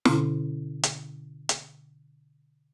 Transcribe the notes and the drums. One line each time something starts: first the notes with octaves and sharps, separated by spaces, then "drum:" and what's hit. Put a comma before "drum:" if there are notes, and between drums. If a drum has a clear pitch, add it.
B2 D3 C#4 E4, drum: snare
drum: hi-hat
drum: hi-hat